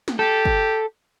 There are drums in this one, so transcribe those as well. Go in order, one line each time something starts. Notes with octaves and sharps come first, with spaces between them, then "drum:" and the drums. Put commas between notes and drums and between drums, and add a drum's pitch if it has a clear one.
drum: snare
G4 A4
drum: kick G1